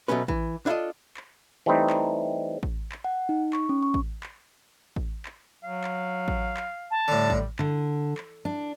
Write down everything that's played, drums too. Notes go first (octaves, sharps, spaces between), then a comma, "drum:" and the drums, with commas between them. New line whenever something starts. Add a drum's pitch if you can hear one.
B2 F#3 A3 C#4 B4
E3, drum: kick A1
D4 E4 F4 A4 D#5
drum: clap
E3 G3 A3 C4 D#4
drum: clap
drum: kick A1
drum: clap
F#5
D#4
C#6, drum: clap
C#4
C#6
drum: kick A1
drum: clap
drum: kick A1
drum: clap
F#3 F5
drum: clap
drum: kick A1
drum: clap
A5
A2 D3 G3
drum: kick A1
D3, drum: clap
drum: clap
D4